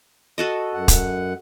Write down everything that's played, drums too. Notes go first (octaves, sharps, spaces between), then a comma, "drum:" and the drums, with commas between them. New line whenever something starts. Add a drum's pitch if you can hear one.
F#4 A4 D#5
F#2 F#5
drum: kick, hi-hat